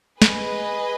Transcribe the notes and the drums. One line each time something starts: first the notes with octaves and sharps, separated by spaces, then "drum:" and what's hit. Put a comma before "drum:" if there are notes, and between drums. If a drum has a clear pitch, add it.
G#4 B4 D#5, drum: snare